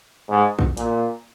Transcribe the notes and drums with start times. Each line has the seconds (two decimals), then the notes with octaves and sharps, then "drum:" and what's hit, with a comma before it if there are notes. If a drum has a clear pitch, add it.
0.29 G#2
0.59 drum: kick
0.77 A#2, drum: hi-hat